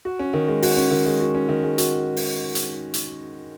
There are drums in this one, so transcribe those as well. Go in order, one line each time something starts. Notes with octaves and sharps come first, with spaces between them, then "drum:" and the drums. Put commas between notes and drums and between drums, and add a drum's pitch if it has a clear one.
F#4
C#4
D#3
G#3
F#4, drum: open hi-hat
C#4
D#3
G#3
F#4
C#4
D#3
G#3
F#4, drum: hi-hat
drum: open hi-hat
drum: hi-hat
drum: hi-hat